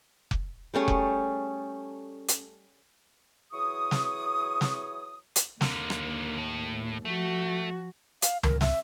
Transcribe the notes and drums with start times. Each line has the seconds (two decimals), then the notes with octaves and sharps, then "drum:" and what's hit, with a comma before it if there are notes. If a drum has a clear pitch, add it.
0.31 drum: kick F1
0.74 G3 A3 C#4 G#4
0.88 drum: kick F1
2.28 drum: hi-hat
3.54 E3 F#3 G#4 C#6 D#6
3.91 drum: snare
4.61 drum: snare
5.36 drum: hi-hat
5.61 D#2 D3 A#3, drum: snare
5.90 drum: rim click
6.38 A2
7.05 F3 A3 F#4
8.22 F5, drum: hi-hat
8.43 A#4, drum: tom C#2
8.61 E5, drum: snare